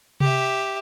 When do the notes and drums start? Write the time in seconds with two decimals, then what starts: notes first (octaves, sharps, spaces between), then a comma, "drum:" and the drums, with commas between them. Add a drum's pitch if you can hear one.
0.20 G4 E5, drum: tom C3